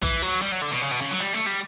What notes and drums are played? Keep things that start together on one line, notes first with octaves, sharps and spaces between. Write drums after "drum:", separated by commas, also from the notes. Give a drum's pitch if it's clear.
E3, drum: kick A#1
F#3
G3
F#3
D3
B2
C#3
B2
C#3
F#3
G3, drum: clap
A3
G3